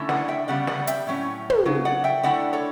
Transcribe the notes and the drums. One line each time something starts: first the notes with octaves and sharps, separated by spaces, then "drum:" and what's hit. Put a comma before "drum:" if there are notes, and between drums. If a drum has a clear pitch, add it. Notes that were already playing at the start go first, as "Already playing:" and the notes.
Already playing: D3 A3 C#4 E4
D5 F#5, drum: snare
E5 G5
C#3 G3 B3 D5 F#5
D5 F#5, drum: snare
E5 G5, drum: hi-hat
A2 F#3 C#4
drum: tom
C#3 F#3
D5 F#5
E5 G5
D3 A3 E4 D5 F#5
A4 C#5